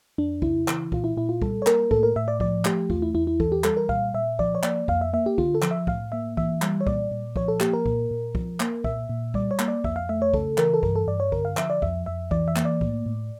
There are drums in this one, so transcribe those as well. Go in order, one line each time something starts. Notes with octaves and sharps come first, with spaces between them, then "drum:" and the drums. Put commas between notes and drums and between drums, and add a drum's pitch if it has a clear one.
F2 D4
C#3 E4, drum: kick
E3, drum: clap
A#2 F4, drum: kick
E4
A#2 E4
F4
G3 A4, drum: kick
C#5
A#3 A#4, drum: clap
A2 A4, drum: kick
A#4
A2 E5
D5
F3 D5, drum: kick
A3 G4, drum: clap
E2 F4, drum: kick
E4
E2 E4
E4
E3 A4, drum: kick
G4
G3 A4, drum: clap
A#4
A#2 F5, drum: kick
A#2 E5
F3 D5, drum: kick
C#5
A#3 D5, drum: clap
F2 F5, drum: kick
E5
A#3 E5
G4
D3 F4, drum: kick
A4
F3, drum: clap
E5
A2 F5, drum: kick
A#3 E5
E3 E5, drum: kick
G3, drum: clap
C#5
A#2 D5, drum: kick
A#2
F3 C#5, drum: kick
A4
A#3 G4, drum: clap
A#4
A#2, drum: kick
A#2
F3, drum: kick
A#3, drum: clap
A#2 E5, drum: kick
A#2
G3 D5, drum: kick
C#5
A#3, drum: clap
D5
F2 E5, drum: kick
F5
A3 E5
C#5
C#3 A4, drum: kick
E3 A#4, drum: clap
A4
G2 A#4, drum: kick
A4
G2 D5
C#5
D3 A#4, drum: kick
F5
F3 E5, drum: clap
D5
F2 E5, drum: kick
F2 E5
E3 D5, drum: kick
E5
A#3, drum: clap
D5
A2, drum: kick
A2